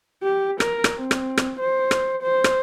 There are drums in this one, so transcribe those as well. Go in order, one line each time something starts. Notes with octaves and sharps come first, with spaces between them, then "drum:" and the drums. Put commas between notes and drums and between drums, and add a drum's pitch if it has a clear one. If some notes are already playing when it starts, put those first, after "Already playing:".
G4
A#4, drum: rim click
drum: rim click
C4
drum: rim click
drum: rim click
C5
drum: rim click
C5
drum: rim click